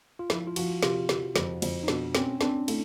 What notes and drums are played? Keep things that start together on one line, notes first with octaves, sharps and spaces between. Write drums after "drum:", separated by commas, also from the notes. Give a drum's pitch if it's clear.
F4
F3 E4, drum: snare
F4
F3 F#4, drum: cymbal
C3 F4, drum: snare
C3, drum: snare
F2, drum: snare
F2, drum: cymbal
D#4
B2 D4, drum: snare
C4 C#4, drum: snare
C4 D4, drum: snare
A3 E4, drum: cymbal